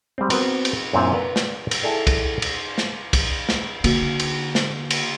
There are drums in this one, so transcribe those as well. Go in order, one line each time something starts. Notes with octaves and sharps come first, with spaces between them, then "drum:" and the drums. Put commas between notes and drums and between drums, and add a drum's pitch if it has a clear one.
G3 G#3 C4
B3 C4 F#4 A#4, drum: cymbal
drum: cymbal
F#2 A#2 C4 D4 E4
A#4 B4 D5 F5 G5
drum: snare
drum: cymbal
E4 G#4 A4 D5 G5
drum: kick, cymbal
drum: cymbal
drum: snare
drum: kick, cymbal
drum: snare
D3 A#3 F#4, drum: cymbal
drum: cymbal
drum: snare
drum: cymbal